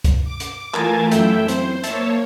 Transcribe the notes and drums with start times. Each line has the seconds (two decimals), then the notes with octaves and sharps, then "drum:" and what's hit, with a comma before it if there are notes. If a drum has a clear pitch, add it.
0.04 drum: kick, hi-hat
0.24 D6
0.40 drum: hi-hat
0.74 E3 A3 F4 A#4 G#5 A5, drum: clap
1.11 F#2 A3 E4 E5 G5, drum: hi-hat
1.48 C4 C5, drum: hi-hat
1.84 A#3 C#5 E5 A5, drum: hi-hat